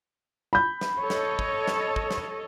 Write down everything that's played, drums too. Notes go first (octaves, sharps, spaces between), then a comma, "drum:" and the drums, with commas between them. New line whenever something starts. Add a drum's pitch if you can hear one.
B5 G6
drum: snare
A4 C#5 D#5
drum: snare
drum: kick
drum: snare
drum: kick
drum: snare